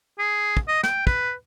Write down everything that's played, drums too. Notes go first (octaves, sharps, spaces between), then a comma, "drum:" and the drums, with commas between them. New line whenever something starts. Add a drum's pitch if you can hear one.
G#4
drum: kick
D#5
G5, drum: snare
B4, drum: kick